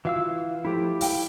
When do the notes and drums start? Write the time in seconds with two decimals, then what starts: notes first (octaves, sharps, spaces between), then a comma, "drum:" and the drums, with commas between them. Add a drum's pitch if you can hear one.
0.05 E3 F4 F#4 F5 E6
0.65 F3 A3 E4 G4
1.01 F5 G5, drum: open hi-hat